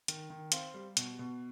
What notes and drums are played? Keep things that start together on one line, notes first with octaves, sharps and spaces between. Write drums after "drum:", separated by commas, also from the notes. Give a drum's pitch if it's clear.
D#3, drum: hi-hat
D#3
C4 F5, drum: hi-hat
G3
B2, drum: hi-hat
B2